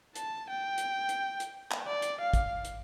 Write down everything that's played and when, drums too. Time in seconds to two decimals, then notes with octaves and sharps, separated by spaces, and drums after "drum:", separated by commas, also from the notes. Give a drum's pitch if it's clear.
0.16 A5, drum: hi-hat
0.50 G5
0.78 drum: hi-hat
1.09 drum: hi-hat
1.40 drum: hi-hat
1.71 drum: clap
1.87 D5
2.02 drum: hi-hat
2.21 F5
2.33 drum: kick, hi-hat
2.65 drum: hi-hat